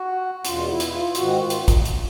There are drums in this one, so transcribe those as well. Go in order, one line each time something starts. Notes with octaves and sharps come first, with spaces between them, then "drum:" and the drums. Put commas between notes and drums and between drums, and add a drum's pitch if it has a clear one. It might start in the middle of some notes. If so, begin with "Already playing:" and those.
Already playing: F#4
E2 B2 F4, drum: hi-hat
E4
drum: hi-hat
F4
G#2 D#3 F#4, drum: hi-hat
F4
drum: hi-hat
drum: kick, hi-hat
drum: hi-hat